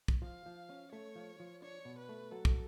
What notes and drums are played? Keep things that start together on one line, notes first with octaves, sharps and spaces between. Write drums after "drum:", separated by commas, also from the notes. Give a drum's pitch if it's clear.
drum: kick
F3 F5
F3
C#4
A3 C#5
F3
F3
D4 C#5
B2
B4
A3
F#3 A4
drum: kick